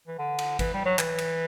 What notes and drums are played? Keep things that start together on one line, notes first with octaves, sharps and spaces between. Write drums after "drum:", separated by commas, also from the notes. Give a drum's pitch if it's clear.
E3
D3
drum: cymbal
E3, drum: kick G#1, cymbal
G3
F#3
E3, drum: clap
drum: cymbal